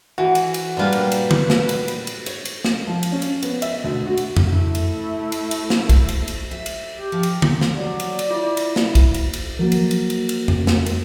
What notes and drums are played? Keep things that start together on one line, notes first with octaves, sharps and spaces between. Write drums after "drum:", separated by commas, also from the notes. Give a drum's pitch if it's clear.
E3 F#4
drum: cymbal
drum: cymbal
A#2 G3 A#3 D4 F4 B4
drum: cymbal
drum: cymbal
drum: tom
drum: snare
drum: cymbal
drum: cymbal
drum: cymbal
C#5, drum: cymbal
drum: cymbal
drum: snare
F3
drum: cymbal
C#4
drum: cymbal
B3, drum: cymbal
E5, drum: cymbal
D2
F#4
drum: cymbal
drum: tom F2
A3 E4
drum: cymbal
drum: cymbal
drum: cymbal
drum: snare
drum: kick, cymbal
drum: cymbal
drum: cymbal
E5
drum: cymbal
G4
F3
drum: cymbal
drum: tom
drum: snare
F#3 D5
drum: cymbal
drum: cymbal
E4 F4
drum: cymbal
drum: snare
drum: kick, cymbal
drum: cymbal
drum: cymbal
F3 F#3 A#3 F#4 A#4
drum: cymbal
drum: cymbal
drum: cymbal
drum: cymbal
drum: tom F2
drum: snare
drum: cymbal